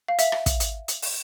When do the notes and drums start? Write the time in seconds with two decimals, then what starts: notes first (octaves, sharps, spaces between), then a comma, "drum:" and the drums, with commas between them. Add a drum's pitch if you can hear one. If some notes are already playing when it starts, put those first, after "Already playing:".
0.08 F5
0.19 E5, drum: hi-hat
0.32 drum: rim click
0.46 drum: kick, hi-hat
0.60 drum: hi-hat
0.88 drum: hi-hat
1.02 drum: open hi-hat